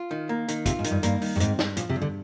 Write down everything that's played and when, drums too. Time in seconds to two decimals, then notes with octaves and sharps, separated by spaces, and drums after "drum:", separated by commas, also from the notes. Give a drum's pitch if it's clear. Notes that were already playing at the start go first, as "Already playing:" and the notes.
Already playing: F4
0.11 D#3
0.29 A#3
0.48 D#3, drum: hi-hat
0.66 C3 F4, drum: kick, hi-hat
0.79 G#2
0.84 D#3, drum: hi-hat
0.91 G2
1.03 G2 A#3, drum: hi-hat
1.22 D#3, drum: open hi-hat
1.36 G2
1.40 G#2 C4, drum: hi-hat
1.59 G2, drum: snare
1.77 A#2 F3, drum: hi-hat
1.90 C3
1.96 G2
2.02 D3